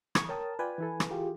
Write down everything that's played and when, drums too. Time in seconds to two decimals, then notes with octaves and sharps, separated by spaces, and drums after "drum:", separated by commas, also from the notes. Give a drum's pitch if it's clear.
0.15 E3 C#6 D#6 G#6, drum: rim click
0.29 A#4 C#5 G5 A5 D#6
0.59 F4 B4 D5 G5 G#5
0.78 E3 E4 A4
1.00 drum: rim click
1.11 F4 G4 G#4